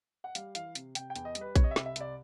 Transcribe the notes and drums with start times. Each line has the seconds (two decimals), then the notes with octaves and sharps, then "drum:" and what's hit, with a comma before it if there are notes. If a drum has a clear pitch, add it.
0.24 F#5
0.35 G3 F5, drum: hi-hat
0.55 E3 F5, drum: hi-hat
0.75 C3, drum: hi-hat
0.95 C3 G5, drum: hi-hat
1.10 G5
1.16 E2, drum: hi-hat
1.25 D#5
1.35 G3, drum: hi-hat
1.41 B4
1.56 C3 C#5, drum: kick A#1, hi-hat
1.64 D#5
1.71 E5
1.76 C2, drum: snare
1.86 E5
1.96 C2 D5, drum: hi-hat